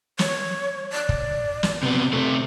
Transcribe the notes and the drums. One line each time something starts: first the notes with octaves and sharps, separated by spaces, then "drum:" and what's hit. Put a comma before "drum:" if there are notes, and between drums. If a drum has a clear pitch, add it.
C#5, drum: snare
D5
drum: kick
drum: snare
C3 B3
C3 A3